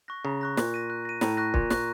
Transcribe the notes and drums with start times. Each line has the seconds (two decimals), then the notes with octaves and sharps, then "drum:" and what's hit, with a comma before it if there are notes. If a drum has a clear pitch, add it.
0.08 C#6 F#6 A#6
0.25 C#3 A#5
0.41 C#6 F#6 A#6
0.57 A#2 F#6, drum: snare
0.74 A#6 D#7
0.90 F#6
1.05 A#6 D#7
1.21 A2 A#5, drum: snare
1.37 C#6 F#6 A#6
1.54 A#2 A#5, drum: kick
1.70 C#6 F#6 A#6, drum: snare